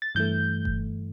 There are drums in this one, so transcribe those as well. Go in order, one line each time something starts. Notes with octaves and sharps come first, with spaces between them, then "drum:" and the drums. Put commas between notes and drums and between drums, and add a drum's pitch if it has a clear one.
A6
G2 E3 A3 G6
drum: kick F#1